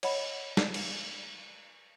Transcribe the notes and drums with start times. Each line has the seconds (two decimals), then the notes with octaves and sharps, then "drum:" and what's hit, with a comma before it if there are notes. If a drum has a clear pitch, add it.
0.03 C#5 D#5 F#5 B5, drum: cymbal
0.57 drum: snare
0.74 drum: cymbal